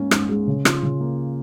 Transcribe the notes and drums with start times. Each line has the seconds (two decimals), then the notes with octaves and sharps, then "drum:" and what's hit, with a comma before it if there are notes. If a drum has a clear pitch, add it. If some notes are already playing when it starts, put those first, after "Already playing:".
Already playing: G#2 A#3 C#4
0.11 G#2, drum: rim click
0.29 G#3
0.47 C#3
0.65 F4, drum: rim click
0.83 C#3
1.01 A#3